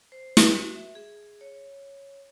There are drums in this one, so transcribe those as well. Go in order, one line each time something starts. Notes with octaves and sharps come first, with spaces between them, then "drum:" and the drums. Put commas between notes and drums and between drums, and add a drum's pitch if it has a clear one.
C5
F#4, drum: snare
E5
G#4
C#5